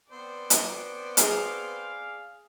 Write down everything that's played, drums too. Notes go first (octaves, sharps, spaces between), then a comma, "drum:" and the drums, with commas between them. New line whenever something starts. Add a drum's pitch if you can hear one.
B3 C4 C5 D5
drum: hi-hat
G#4 F5, drum: hi-hat